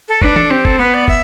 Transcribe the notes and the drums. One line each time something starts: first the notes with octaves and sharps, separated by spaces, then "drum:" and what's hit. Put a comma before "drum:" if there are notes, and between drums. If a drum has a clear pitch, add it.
A4
D4 B4, drum: kick
A4, drum: tom
C4 G4
A4, drum: kick
B3 B4
D5
E5, drum: kick